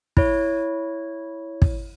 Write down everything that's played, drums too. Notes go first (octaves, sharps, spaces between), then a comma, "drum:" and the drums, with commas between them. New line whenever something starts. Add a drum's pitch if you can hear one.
E4 C#5, drum: kick
drum: kick